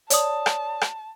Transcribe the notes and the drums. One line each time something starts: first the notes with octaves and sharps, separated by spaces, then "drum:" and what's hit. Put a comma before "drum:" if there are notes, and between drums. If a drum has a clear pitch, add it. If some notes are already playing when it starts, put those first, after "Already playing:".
C#5 D5 A5 D#6, drum: hi-hat
drum: rim click
drum: rim click